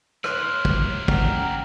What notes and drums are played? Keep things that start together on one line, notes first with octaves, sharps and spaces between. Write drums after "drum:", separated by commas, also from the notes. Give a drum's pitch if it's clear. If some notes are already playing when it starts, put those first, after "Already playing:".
A#3 E4 C#5 C6 F6 F#6, drum: rim click
drum: kick
C#4 F#5 G5 A#5 F6, drum: kick